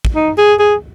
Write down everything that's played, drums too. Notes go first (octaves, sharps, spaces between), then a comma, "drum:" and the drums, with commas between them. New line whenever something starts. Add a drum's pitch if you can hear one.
drum: kick
D#4
G#4
G#4